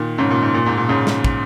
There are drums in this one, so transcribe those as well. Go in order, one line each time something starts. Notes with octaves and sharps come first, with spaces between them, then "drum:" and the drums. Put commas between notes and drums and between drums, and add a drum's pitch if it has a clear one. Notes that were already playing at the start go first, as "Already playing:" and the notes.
Already playing: A#2 D#3
G#2 C#3
A#2
G#2
A#2
G#2
A#2
G#2 C#3
drum: snare
drum: kick